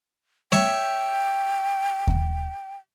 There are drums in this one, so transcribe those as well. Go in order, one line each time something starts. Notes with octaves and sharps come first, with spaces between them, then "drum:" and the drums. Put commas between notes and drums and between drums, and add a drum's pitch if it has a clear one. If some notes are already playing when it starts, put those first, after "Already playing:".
C#5 E5 G5 C#6, drum: snare A3
drum: kick D#2